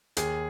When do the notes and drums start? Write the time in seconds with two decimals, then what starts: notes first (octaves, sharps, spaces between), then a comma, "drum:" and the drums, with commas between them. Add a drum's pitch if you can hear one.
0.17 D#2 G#4, drum: hi-hat